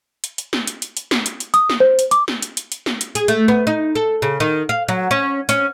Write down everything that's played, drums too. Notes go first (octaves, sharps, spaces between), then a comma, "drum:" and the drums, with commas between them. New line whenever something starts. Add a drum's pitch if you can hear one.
drum: hi-hat
drum: hi-hat
drum: snare
drum: hi-hat
drum: hi-hat
drum: hi-hat
drum: snare
drum: hi-hat
drum: hi-hat
D#6, drum: hi-hat
drum: snare
C5
drum: hi-hat
D6, drum: hi-hat
drum: snare
drum: hi-hat
drum: hi-hat
drum: hi-hat
drum: snare
drum: hi-hat
G#4, drum: hi-hat
A3, drum: hi-hat
B3
D#4
A4
C#3
D#3
F5
F#3
C#4
C#4, drum: hi-hat